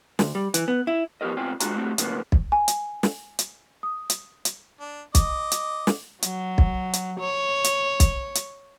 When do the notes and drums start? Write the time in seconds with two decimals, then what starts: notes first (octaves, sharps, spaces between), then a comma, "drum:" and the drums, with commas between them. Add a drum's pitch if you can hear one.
0.19 D2, drum: snare
0.35 G3
0.54 E3, drum: hi-hat
0.68 B3
0.87 E4
1.21 F3 B3 D4 G4 A#4 D#5
1.37 B2 C4 F4 D5 G5 G#5
1.60 G#3 D4 F4 F#4 G#5 A#5, drum: hi-hat
1.74 G3 A3 C4 F#4
1.98 F#2 A2 C#3 F3 A#3 B3, drum: hi-hat
2.32 drum: kick
2.52 G#5
2.68 drum: hi-hat
3.03 drum: snare
3.39 drum: hi-hat
3.83 D#6
4.10 drum: hi-hat
4.45 drum: hi-hat
4.80 D4
5.15 D#5 D6, drum: kick, hi-hat
5.52 drum: hi-hat
5.87 drum: snare
6.22 F#3, drum: hi-hat
6.58 drum: kick
6.93 drum: hi-hat
7.20 C#5
7.64 drum: hi-hat
8.00 drum: kick, hi-hat
8.35 drum: hi-hat